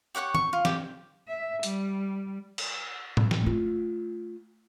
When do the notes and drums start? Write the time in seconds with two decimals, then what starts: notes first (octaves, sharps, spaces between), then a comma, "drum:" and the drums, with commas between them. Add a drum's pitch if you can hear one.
0.15 G4 C#5 F#5 C#6
0.34 C#6, drum: tom D#3
0.53 F4
0.65 G4, drum: snare
1.28 E5
1.63 G3, drum: hi-hat
2.58 drum: cymbal
3.17 drum: tom A2
3.31 drum: snare
3.42 A3 F4